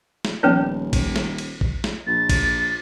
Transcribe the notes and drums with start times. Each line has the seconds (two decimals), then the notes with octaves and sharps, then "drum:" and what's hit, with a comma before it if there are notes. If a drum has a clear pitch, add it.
0.25 drum: snare
0.43 D#1 F3 B3 C#4 B4 C#5
0.93 drum: kick A1, cymbal
1.16 drum: snare
1.38 drum: cymbal
1.61 drum: kick A1
1.84 drum: snare
2.07 A#1 A6
2.30 drum: kick A1, cymbal